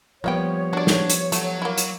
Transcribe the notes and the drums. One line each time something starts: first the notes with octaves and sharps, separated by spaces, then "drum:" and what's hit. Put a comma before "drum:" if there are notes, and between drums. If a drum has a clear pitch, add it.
F3 G3 A#3 B3 C#5 E5 G5
D4 F#4 D5
drum: snare
drum: hi-hat
F#3 A3 F#5, drum: hi-hat
A#3 E4
drum: hi-hat